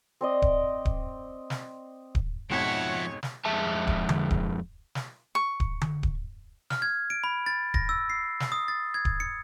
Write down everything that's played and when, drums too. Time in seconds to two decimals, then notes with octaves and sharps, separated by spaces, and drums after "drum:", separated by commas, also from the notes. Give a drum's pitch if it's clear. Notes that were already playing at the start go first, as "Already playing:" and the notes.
0.21 C4 D5 D#5
0.42 drum: kick D1
0.85 drum: kick D1
1.50 drum: snare
2.15 drum: kick D1
2.51 F2 G#2 B2 F3 C#5 E5 F#5
3.23 drum: snare
3.45 F2 G#3 G#4 E5 A5
3.87 drum: kick D1
4.09 drum: tom D3
4.30 drum: kick D1
4.95 drum: snare
5.35 C#6
5.60 drum: kick D1
5.81 drum: tom D3
6.03 drum: kick D1
6.70 F6, drum: snare
6.82 G#6
7.10 D7
7.24 B5
7.46 A6
7.74 A#6, drum: kick D1
7.89 E6
8.10 C7
8.40 drum: snare
8.52 D#6
8.68 A6
8.94 G#6
9.05 drum: kick D1
9.20 C#7